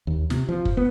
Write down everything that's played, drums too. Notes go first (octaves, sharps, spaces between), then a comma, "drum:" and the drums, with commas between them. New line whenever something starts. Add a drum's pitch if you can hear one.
D#2
C3, drum: snare
F3
drum: kick
B3